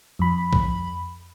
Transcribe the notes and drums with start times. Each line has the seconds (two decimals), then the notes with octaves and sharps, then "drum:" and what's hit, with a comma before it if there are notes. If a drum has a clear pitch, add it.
0.19 F2 B5
0.53 drum: kick B1